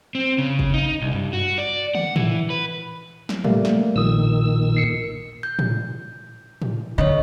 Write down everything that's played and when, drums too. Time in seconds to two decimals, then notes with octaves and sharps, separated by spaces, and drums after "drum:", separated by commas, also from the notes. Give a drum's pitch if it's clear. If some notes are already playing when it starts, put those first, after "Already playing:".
0.15 C4
0.38 C#3
0.59 drum: kick
0.74 D#4
1.02 C2
1.14 G2
1.33 F#4
1.58 D5
1.95 F#5, drum: tom
2.16 E3, drum: tom A2
2.50 B4
3.29 drum: snare
3.44 G3 A3 A#3, drum: tom A2
3.65 drum: snare
3.96 A#1 A#2 D#3 D#6 E6
4.77 C7 C#7
5.43 G6
5.59 drum: tom A2
6.62 drum: tom A2
6.98 D3 C#5 D#5